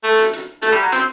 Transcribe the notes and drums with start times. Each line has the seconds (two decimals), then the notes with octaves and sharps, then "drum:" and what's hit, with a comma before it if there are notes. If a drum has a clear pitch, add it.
0.04 A3
0.18 drum: hi-hat
0.33 drum: hi-hat
0.62 A3, drum: hi-hat
0.72 G3
0.82 F#3
0.92 C4, drum: hi-hat